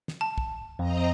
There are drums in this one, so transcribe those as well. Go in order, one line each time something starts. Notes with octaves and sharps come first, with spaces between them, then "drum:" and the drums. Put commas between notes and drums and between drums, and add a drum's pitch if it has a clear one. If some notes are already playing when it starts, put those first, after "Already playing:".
drum: snare
A5
drum: kick
F2 C4 D#5 A#5